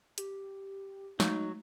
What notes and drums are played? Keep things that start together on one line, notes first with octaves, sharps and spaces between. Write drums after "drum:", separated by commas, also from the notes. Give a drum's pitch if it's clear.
G4, drum: hi-hat
F#3 G#3 A3 D#4, drum: snare